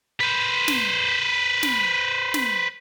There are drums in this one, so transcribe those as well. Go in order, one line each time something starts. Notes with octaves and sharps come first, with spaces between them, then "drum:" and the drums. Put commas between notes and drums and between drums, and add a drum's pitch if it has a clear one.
B4 C5
drum: snare
drum: snare
drum: snare